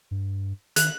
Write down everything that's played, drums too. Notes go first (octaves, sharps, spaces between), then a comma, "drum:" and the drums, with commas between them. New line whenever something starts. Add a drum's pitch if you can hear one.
G2
D#3 F#6, drum: hi-hat